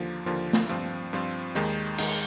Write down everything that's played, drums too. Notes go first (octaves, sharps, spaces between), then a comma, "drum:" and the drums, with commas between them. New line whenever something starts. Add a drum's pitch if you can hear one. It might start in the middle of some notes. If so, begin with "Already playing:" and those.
Already playing: D#2 D3 F3 A#3 F4
D#2 D3 F3 A#3 F4
drum: snare
G2 F3 C4 F4
G2 F3 C4 F4
D#2 D#3 G#3 D#4
D#3 G#3 D#4, drum: cymbal